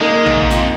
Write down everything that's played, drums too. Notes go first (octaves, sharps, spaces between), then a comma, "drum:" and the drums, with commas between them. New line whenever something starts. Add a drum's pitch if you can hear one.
G#3 A#3 D#4
G#2, drum: tom A#1
F2, drum: hi-hat